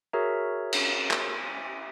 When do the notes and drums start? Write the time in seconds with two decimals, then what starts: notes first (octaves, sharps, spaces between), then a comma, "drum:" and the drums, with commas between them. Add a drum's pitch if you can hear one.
0.13 F#4 G#4 A#4 C#5 E5 A#5
0.73 drum: cymbal
1.11 drum: clap